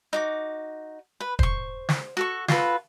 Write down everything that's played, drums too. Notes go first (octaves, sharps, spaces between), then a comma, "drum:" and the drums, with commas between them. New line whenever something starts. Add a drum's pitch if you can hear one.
D#4 F#4 D6
B4
C5 C#6, drum: kick
drum: snare
F#4 A4 C#6
F4 F#4 A4 B4, drum: snare